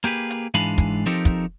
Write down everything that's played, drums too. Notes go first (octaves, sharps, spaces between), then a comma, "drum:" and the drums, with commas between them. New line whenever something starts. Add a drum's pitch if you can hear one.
A#3 G4 G#4 B4, drum: hi-hat
drum: hi-hat
G#2 E3 G#3 D4 F5 B5, drum: hi-hat
drum: kick, hi-hat
F3 C4 D#4 G4 A4 A#4
drum: kick, hi-hat